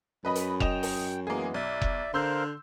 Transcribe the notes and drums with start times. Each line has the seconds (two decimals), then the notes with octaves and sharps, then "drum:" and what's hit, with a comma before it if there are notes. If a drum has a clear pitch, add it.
0.25 F#2 B4 D#5 B5
0.35 drum: hi-hat
0.60 D#5 G5 E7 F7, drum: kick F1
0.83 drum: open hi-hat
1.27 E3 G#3 A#3 B3 G#4
1.54 B1 D5 E5
1.81 drum: kick F1
2.14 D3 A#4 C5 F5 C6 E6 G6